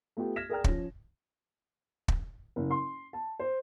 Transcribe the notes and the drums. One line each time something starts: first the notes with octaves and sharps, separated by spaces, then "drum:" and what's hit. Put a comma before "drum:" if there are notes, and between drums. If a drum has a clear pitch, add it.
A3 B3 F4 G4
F6 G#6 A#6 B6 E7
G#4 A#4 D5 G5 A#5 F6
F3 C#4, drum: kick
drum: kick
F#1
C6
A5
C5